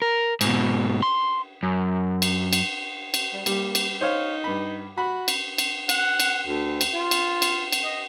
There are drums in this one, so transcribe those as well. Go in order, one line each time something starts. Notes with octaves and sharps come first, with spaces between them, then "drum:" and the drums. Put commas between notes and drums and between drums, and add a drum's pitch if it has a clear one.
A#4
G#2 B2, drum: cymbal
C6
F#2
drum: cymbal
drum: cymbal
drum: cymbal
G3
G3 A#3, drum: cymbal
drum: cymbal
D#4 C5 C#5 F5
G2 B5
F#4 B5
drum: cymbal
drum: cymbal
F#5, drum: cymbal
drum: cymbal
D2
drum: cymbal
F4
drum: cymbal
drum: cymbal
drum: cymbal
D#5